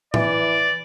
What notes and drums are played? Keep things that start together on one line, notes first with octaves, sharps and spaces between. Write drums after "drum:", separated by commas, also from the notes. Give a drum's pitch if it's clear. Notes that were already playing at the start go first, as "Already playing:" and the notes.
E3 D5, drum: tom A2